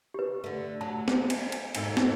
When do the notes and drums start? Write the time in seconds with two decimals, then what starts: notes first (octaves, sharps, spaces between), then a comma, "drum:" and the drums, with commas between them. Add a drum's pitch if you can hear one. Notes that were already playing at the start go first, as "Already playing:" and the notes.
0.14 G4 B4
0.44 D3 A3
0.81 F#3 A5
1.08 drum: snare
1.30 drum: cymbal
1.52 drum: cymbal
1.75 D#2 G#2 A4, drum: cymbal
1.97 drum: snare